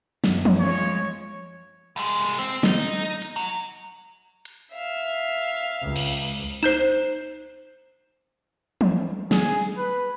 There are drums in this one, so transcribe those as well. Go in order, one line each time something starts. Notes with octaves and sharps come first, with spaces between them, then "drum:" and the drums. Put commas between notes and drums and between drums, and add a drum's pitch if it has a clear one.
F#2, drum: snare
drum: tom E3
F3 G#3 C#5
C2 G#3
C4
D#4, drum: snare
drum: hi-hat
F#3
drum: hi-hat
E5 F5
C#2
drum: cymbal
D#4 C5 G6 C7 E7
drum: tom E3
G#4, drum: snare
B4